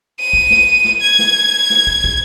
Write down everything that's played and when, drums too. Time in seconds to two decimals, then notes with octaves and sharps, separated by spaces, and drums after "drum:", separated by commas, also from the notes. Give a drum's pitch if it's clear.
0.20 D#7
0.33 drum: kick
0.50 drum: snare
0.85 drum: snare
1.02 G#6
1.19 drum: snare
1.70 drum: snare
1.87 drum: kick
2.04 drum: kick